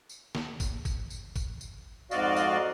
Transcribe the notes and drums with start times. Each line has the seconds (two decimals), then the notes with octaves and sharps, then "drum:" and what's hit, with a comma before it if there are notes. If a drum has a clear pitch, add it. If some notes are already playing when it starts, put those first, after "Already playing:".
0.09 drum: tambourine
0.35 drum: snare
0.60 drum: kick, tambourine
0.85 drum: kick, tambourine
1.10 drum: tambourine
1.36 drum: kick, tambourine
1.61 drum: tambourine
2.11 F2 G#2 F#4 D5 D#5 F5, drum: tambourine
2.36 drum: tambourine